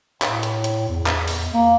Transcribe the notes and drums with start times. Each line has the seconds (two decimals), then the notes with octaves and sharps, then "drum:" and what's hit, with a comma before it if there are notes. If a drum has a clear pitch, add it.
0.22 A2, drum: clap
0.43 drum: hi-hat
0.64 drum: hi-hat
0.89 E2
1.06 drum: clap
1.28 drum: open hi-hat
1.53 A#3